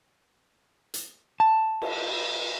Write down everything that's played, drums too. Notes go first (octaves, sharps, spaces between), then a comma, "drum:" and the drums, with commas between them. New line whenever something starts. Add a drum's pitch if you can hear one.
drum: hi-hat
A5
drum: cymbal